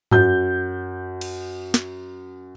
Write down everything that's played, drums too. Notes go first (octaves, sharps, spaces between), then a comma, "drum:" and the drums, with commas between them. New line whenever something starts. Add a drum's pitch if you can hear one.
F#2 G6, drum: tom G2
drum: cymbal
drum: snare